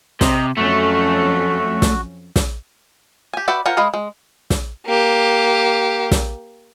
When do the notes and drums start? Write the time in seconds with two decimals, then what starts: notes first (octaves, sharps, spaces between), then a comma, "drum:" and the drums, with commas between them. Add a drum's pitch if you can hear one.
0.21 C3 D#5 A#5, drum: snare
0.57 F2 F#3 A3 C#4 F#4
1.82 drum: snare
2.36 drum: snare
3.33 G4 G#5
3.48 F#4 B4 D5 E5 G5
3.66 F4 A#4 C5 F#5 G#5
3.77 G#3 B4 D#5 F5 G#5
3.94 G#3
4.50 drum: snare
4.86 A#3 G4
6.11 drum: snare